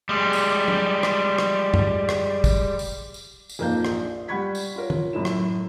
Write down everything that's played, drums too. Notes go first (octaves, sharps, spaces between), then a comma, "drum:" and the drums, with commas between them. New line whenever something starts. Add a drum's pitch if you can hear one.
G3 G#3
drum: tambourine
drum: tom
drum: rim click
drum: rim click
drum: tom F#2
drum: rim click
drum: kick, tambourine
drum: tambourine
drum: tambourine
drum: tambourine
F2 A#2 A#3 D#4 F5 G6
A#1, drum: rim click
G3 F#5 B5 C#6 G#6 B6
drum: tambourine
F4 A#4 C#5
drum: tom D#3
F#2 A2 E4 E7
drum: rim click